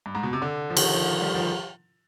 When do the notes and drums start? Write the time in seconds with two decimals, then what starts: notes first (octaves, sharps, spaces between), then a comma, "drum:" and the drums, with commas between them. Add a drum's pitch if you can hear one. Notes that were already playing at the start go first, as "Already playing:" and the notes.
0.06 G2
0.15 G#2
0.23 B2
0.33 C3
0.42 D3
0.70 F3
0.77 D#3, drum: cymbal
0.94 F3
1.08 F3
1.21 G3
1.35 F3